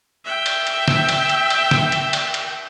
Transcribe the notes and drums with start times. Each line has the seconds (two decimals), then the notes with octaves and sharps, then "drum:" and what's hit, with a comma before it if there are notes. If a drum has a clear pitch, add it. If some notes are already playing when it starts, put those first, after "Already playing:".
0.25 E5 G5
0.46 drum: cymbal
0.67 drum: cymbal
0.88 drum: snare
1.09 drum: cymbal
1.29 drum: cymbal
1.50 drum: cymbal
1.71 drum: snare
1.92 drum: cymbal
2.13 drum: cymbal
2.34 drum: cymbal